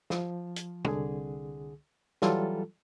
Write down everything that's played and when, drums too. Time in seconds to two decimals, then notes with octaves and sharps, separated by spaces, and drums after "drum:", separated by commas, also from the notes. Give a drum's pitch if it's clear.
0.10 F3, drum: snare
0.56 drum: hi-hat
0.85 C2 D3 G#4, drum: tom
2.22 E3 F#3 G3 F4 A4, drum: snare